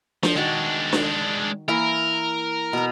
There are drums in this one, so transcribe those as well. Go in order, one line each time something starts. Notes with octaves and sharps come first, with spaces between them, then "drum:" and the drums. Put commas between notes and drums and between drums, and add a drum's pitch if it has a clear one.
F3, drum: snare D4
D#3 G#3 D4 F#4
drum: snare D4
E3 A#3 E4 A#4
B2 A#5